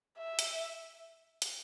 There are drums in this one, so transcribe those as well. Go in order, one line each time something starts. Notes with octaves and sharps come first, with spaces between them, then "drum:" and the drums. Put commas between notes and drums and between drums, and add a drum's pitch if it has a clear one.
E5
drum: hi-hat
drum: hi-hat